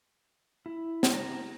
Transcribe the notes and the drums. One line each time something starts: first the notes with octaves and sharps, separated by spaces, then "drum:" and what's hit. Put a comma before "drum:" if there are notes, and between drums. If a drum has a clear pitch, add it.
E4
drum: snare
A#5